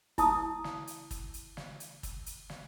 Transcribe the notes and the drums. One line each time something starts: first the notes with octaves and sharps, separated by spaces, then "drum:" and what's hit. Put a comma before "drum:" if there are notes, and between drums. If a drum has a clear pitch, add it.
E4 A5 D#6, drum: kick, hi-hat
drum: snare
drum: hi-hat
drum: kick, hi-hat
drum: hi-hat
drum: snare
drum: hi-hat
drum: kick, hi-hat
drum: hi-hat
drum: snare